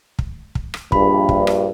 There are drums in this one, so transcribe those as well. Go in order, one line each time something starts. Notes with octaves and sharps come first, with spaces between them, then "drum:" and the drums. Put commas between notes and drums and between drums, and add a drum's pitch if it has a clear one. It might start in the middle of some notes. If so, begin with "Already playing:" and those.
drum: kick
drum: kick
drum: rim click
A#1 G2 B5, drum: kick
drum: kick
drum: rim click